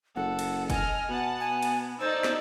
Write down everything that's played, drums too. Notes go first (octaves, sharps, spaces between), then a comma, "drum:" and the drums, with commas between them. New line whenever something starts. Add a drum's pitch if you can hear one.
F#1 A4 F#5
drum: cymbal
D#5 G#5 F6, drum: kick F#1, cymbal
B2 B3 F#5 A5
G#5
drum: cymbal
A3 D#4 C5 D5 E6 A6
drum: snare